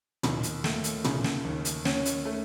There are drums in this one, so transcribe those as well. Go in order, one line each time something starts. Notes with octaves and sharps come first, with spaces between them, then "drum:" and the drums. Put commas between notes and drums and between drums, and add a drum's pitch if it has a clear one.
D#2, drum: tom
drum: hi-hat
A3, drum: snare
drum: hi-hat
C#3, drum: tom
drum: snare
D#2
drum: hi-hat
C#4, drum: snare
drum: hi-hat
A3